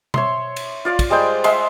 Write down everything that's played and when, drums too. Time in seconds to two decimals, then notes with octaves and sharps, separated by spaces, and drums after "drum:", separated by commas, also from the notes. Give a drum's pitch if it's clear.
0.14 C#5 E5 C6, drum: tom B2
0.56 drum: cymbal
0.85 F4 D5 F5
0.99 drum: kick, cymbal
1.10 G3 G#3 C5 G5
1.44 G#3 E5 F5 C6, drum: cymbal